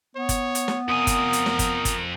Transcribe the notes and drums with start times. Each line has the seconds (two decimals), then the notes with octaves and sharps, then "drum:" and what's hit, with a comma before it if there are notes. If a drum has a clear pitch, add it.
0.16 B3 C#5
0.29 drum: kick G1, hi-hat
0.55 drum: hi-hat
0.68 drum: snare
0.88 F2 A#4 G#5 D#6
1.07 drum: kick G1, hi-hat
1.33 drum: hi-hat
1.46 drum: snare
1.59 drum: kick G1, hi-hat
1.85 drum: kick G1, hi-hat